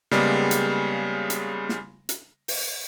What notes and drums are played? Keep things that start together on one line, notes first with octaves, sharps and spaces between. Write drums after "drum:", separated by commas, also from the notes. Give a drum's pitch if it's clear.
C#3 G3 G#3 A#3 B3, drum: snare
drum: hi-hat
drum: hi-hat
drum: snare
drum: hi-hat
drum: open hi-hat